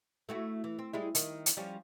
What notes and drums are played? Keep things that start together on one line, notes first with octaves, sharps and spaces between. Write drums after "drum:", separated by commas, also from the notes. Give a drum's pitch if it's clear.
A3 E4 F#4
E3
C4
G3 G#3 E4
D#3, drum: hi-hat
drum: hi-hat
F3 G3 C#4